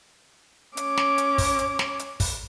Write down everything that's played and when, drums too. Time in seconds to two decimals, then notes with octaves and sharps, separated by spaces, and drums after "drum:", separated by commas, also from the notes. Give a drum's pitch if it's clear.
0.77 C#4 D6, drum: hi-hat
0.97 drum: snare
1.18 drum: hi-hat
1.38 drum: kick, open hi-hat
1.59 drum: hi-hat
1.79 drum: snare
1.99 drum: hi-hat
2.20 drum: kick, open hi-hat